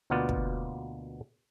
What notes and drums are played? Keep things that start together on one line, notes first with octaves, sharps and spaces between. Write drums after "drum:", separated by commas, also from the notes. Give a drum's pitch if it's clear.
D2 B2 A#3 B3 F4 D5
drum: kick